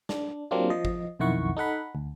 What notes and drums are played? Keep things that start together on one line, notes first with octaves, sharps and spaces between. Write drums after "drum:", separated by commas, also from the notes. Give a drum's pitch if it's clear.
D4, drum: snare
F#3 A#3 C4 D4 F4 G4
F3 D#5
drum: kick
B1 F2 D#3 E4 F#5 C#6
D#4 A4 F#5 B5
D2